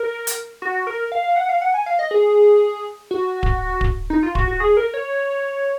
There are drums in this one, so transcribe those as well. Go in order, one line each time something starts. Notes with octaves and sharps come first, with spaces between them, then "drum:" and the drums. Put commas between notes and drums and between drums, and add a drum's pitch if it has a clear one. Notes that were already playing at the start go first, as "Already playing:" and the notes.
Already playing: A#4
drum: hi-hat
F#4
A#4
F5
F5
F#5
F5
F#5
G#5
F5
D#5
G#4
F#4
drum: kick D1
drum: kick D1
D#4
F4
F#4, drum: kick D1
F#4
G#4
A#4
C#5